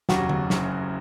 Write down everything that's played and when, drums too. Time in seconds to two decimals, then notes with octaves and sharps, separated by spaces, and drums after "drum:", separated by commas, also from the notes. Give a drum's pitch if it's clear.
0.09 F1 D#2 C#3 F#3 F#4, drum: snare
0.29 drum: tom D3
0.50 F#1 F#2 C#3, drum: snare